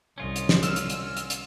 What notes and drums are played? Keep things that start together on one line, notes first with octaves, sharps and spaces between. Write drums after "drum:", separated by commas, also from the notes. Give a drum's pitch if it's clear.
C2 C#4 F4 D#5
drum: hi-hat
drum: snare
E6 F6 E7, drum: hi-hat
drum: hi-hat
drum: hi-hat
drum: hi-hat
drum: hi-hat